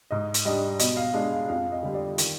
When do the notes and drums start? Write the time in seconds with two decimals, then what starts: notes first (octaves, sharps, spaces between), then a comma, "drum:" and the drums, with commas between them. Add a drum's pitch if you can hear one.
0.11 G#2 D#5
0.34 drum: hi-hat
0.45 G3 D4 D#5
0.79 B2 D#5, drum: hi-hat
0.97 F5
1.14 G#3 D4 D#5
1.32 F5
1.48 F2 F5
1.72 D#5
1.83 D3 G3
1.95 D5
2.18 D#3, drum: hi-hat